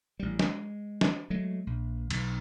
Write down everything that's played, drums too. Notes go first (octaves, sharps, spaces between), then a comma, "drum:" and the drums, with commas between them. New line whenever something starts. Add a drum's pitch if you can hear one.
A1 G3
G#3, drum: snare
drum: snare
F#3 G#3 A3
A#1
B1, drum: cymbal